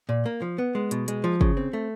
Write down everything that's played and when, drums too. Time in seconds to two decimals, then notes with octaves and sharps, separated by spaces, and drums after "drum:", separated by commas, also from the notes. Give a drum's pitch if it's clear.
0.09 A#2
0.26 A#3
0.42 F3
0.58 B3
0.75 G#3
0.91 B2, drum: hi-hat
1.08 G#3, drum: hi-hat
1.24 F3
1.41 C#3, drum: kick
1.57 C4
1.73 A3